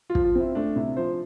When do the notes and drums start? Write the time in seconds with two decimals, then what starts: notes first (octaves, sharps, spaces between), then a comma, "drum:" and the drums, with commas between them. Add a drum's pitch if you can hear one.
0.10 F4
0.15 F3, drum: kick
0.24 F4
0.35 C4 E4
0.55 A3 D4
0.76 C3 E4
0.97 F3 C5